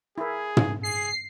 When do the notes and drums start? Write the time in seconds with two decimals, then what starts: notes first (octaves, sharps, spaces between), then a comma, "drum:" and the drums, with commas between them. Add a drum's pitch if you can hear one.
0.18 E4 G#4 A#4
0.57 drum: tom
0.83 G#4 C7